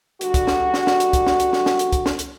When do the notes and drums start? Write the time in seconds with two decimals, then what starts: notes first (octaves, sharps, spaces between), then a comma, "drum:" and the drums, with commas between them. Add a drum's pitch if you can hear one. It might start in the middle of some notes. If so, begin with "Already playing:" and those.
0.21 D3 G3 F#4, drum: hi-hat
0.34 drum: kick, hi-hat
0.47 drum: snare
0.74 drum: snare
0.87 drum: snare
1.00 drum: hi-hat
1.13 drum: kick, hi-hat
1.27 drum: snare
1.40 drum: hi-hat
1.53 drum: snare
1.66 drum: snare
1.79 drum: hi-hat
1.93 drum: kick, hi-hat
2.06 drum: snare
2.19 drum: hi-hat